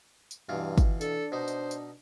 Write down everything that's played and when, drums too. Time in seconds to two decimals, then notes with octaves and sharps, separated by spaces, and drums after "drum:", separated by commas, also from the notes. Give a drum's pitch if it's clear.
0.31 drum: tambourine
0.49 G2 B2 E3 F4
0.78 drum: kick, tambourine
1.01 D4 A4, drum: tambourine
1.32 B2 D#4 C5
1.48 drum: tambourine
1.71 drum: tambourine